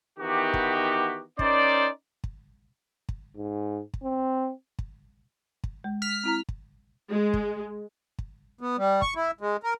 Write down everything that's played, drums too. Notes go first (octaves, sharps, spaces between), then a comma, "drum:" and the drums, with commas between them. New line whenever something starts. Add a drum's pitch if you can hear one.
D#3 E3 B3 D#4 F#4 G4
drum: kick
C#4 D#4 A#4 C5 D5, drum: kick
drum: kick
drum: kick
G#2
drum: kick
C4
drum: kick
drum: kick
G#3
F6 B6
C4 E4 A#5
drum: kick
G#3
drum: kick
drum: kick
B3
G3
C#6, drum: kick
E4
G#3
A#4